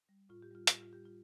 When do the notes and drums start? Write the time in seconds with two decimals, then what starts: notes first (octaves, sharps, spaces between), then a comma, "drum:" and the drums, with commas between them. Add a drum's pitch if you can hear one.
0.09 G3
0.29 A2 F4
0.42 G4
0.51 G3 F4
0.67 G4, drum: hi-hat
0.73 A2
0.81 F4
0.93 G3 G4
1.05 F4